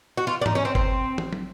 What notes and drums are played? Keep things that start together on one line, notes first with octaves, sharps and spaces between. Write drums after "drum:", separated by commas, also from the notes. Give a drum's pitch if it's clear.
F#4
F4
D4
D#4, drum: tom G#2
C#4
C4
C4, drum: kick G1
drum: tom
drum: tom